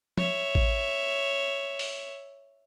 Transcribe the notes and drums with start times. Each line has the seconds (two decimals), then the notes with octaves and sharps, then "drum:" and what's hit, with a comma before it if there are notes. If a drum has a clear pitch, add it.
0.18 C#5 E5, drum: tom
0.55 drum: kick A1
1.79 drum: open hi-hat